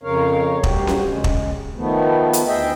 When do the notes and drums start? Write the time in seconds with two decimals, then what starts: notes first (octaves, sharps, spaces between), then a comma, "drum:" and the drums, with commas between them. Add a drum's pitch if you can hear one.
0.03 F2 C#3 A#4 C#5 F5
0.64 D2 G3 F#4 G4, drum: kick
0.87 drum: snare C#4
1.06 C#3 G#3
1.24 drum: kick
1.76 D#3 F3 A3 B3
2.33 drum: hi-hat
2.47 D2 G#4 D#5 E5 G5